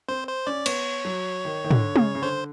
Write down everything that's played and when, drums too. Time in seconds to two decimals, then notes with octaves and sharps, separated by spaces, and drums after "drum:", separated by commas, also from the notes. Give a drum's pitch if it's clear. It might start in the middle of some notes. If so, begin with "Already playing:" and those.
0.08 C4 C5
0.28 C5
0.47 C#4 D5
0.66 B3 C#5, drum: cymbal
1.05 F#3
1.45 D#3
1.64 D#3
1.71 D3, drum: tom
1.96 C#3, drum: tom
2.15 C#3
2.22 D3 C5